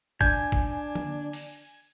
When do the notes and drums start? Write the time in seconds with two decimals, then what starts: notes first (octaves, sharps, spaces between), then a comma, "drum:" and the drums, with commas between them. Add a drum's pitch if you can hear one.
0.21 D4 G#5 G6, drum: kick
0.52 drum: kick
0.95 drum: tom D3
1.33 drum: open hi-hat